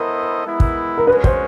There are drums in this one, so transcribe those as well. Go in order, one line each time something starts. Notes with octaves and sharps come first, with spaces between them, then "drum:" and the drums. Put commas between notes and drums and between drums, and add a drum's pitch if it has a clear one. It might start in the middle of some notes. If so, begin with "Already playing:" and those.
Already playing: B3 E4 A4 A#4 C5 D#5
G#3 B3 E4
drum: kick
A#4
G#3 C#4 F#4 B4
C5, drum: kick